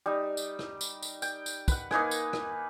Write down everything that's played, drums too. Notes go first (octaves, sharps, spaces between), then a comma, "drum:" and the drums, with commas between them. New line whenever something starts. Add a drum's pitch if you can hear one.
G3 D#4
drum: tambourine
drum: rim click
drum: tambourine
drum: tambourine
G5, drum: tambourine
drum: tambourine
B4 F#5, drum: kick, tambourine
A#3 D#4 B4 G#5, drum: rim click
drum: tambourine
drum: rim click